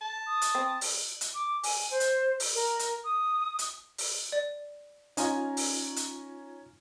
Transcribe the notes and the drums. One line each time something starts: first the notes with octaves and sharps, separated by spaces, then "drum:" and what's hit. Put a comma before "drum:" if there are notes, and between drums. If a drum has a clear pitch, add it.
A5
D#6
drum: hi-hat
C4
drum: open hi-hat
drum: hi-hat
D6
G#5, drum: open hi-hat
C5
drum: hi-hat
drum: open hi-hat
A#4
drum: hi-hat
D#6
drum: hi-hat
drum: open hi-hat
D5
C#4 D#4 F4 G#5 A#5, drum: hi-hat
drum: open hi-hat
drum: hi-hat